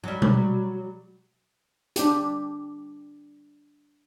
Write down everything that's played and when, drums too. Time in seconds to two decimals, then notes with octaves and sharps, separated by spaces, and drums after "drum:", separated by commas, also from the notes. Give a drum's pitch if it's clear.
0.04 F#3 G3
0.22 drum: tom B2
1.96 D4 G4, drum: hi-hat